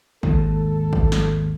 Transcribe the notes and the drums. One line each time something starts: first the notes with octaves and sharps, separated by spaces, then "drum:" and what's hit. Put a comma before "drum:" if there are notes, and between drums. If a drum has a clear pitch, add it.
G#1 D#2 G#2 A4, drum: kick A1
drum: kick A1
drum: snare